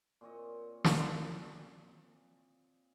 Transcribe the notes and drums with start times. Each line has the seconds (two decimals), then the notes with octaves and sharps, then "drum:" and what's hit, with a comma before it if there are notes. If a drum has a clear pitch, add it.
0.21 A#2 C4 C#5 D#5
0.84 drum: snare